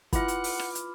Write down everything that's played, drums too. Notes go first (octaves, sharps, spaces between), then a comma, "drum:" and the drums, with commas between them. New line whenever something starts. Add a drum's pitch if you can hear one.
E4 F4 B4 E5 F#5 B5 D6 F6, drum: kick, hi-hat
drum: hi-hat
drum: open hi-hat
drum: rim click
drum: hi-hat